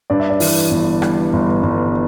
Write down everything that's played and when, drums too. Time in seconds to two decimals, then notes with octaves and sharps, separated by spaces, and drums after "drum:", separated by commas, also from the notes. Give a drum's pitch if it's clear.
0.10 G2 D5
0.20 E5
0.30 D5
0.40 E3, drum: open hi-hat
0.71 G1
1.02 G3, drum: rim click
1.33 G1
1.63 G1